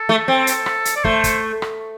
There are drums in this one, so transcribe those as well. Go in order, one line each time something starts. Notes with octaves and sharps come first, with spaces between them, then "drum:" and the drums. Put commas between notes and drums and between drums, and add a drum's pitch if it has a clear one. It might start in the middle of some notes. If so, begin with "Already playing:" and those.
Already playing: A4
A3
C4
drum: hi-hat
drum: rim click
drum: hi-hat
D5
A3 C5, drum: kick
drum: kick, hi-hat
drum: rim click